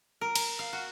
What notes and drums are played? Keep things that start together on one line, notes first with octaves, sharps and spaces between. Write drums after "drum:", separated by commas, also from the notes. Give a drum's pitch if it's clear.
A#4
A#5, drum: cymbal
F5
F#4